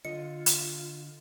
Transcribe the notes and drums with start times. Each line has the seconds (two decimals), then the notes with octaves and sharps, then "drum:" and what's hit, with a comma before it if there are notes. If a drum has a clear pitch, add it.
0.05 D3 F4 D#5 C#7
0.46 drum: hi-hat